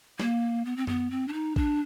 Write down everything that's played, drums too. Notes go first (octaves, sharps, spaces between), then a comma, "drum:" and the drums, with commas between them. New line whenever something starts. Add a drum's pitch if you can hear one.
A#3, drum: snare
B3
C4
B3, drum: tom F#2
C4
D4
D#4
D4, drum: kick A1